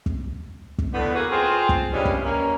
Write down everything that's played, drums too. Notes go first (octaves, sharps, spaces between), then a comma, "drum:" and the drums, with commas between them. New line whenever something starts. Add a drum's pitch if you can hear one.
drum: kick
drum: kick
A2 D3 B3
A#3 F#4 G#4 A4 B4 F#5
C4 F4 G#4
drum: kick
G2 F3 G3 G#3 C#4 E4
drum: kick
A#3 C#4